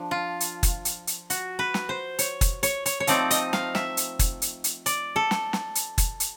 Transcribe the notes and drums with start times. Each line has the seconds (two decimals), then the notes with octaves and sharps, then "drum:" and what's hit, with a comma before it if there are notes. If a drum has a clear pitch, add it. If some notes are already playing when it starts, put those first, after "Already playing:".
Already playing: F3 D4
0.11 F4
0.40 drum: hi-hat
0.63 drum: kick, hi-hat
0.85 drum: hi-hat
1.07 drum: hi-hat
1.30 F#4, drum: hi-hat
1.59 B4
1.74 drum: snare
1.89 C5
2.19 C#5, drum: hi-hat
2.41 drum: kick, hi-hat
2.63 C#5, drum: hi-hat
2.86 C#5, drum: hi-hat
3.00 C#5
3.07 F3 A3 C4 D#4 D5, drum: hi-hat
3.31 D#5, drum: hi-hat
3.53 F5, drum: snare
3.75 E5, drum: snare
3.97 drum: hi-hat
4.19 drum: kick, hi-hat
4.42 drum: hi-hat
4.64 drum: hi-hat
4.86 D5, drum: hi-hat
5.16 A4
5.31 drum: snare
5.53 drum: snare
5.75 drum: hi-hat
5.98 drum: kick, hi-hat
6.20 drum: hi-hat